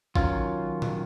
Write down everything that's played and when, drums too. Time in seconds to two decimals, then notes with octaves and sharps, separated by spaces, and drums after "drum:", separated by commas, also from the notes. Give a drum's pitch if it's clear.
0.16 D#3 F#3 C#4 F4, drum: kick G#1
0.82 drum: tom A#2